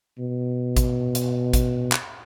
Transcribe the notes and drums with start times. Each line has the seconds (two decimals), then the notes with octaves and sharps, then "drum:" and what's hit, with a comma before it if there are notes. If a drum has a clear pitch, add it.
0.19 B2
0.77 drum: kick A1, hi-hat
1.15 drum: hi-hat
1.53 drum: kick A1, hi-hat
1.92 drum: clap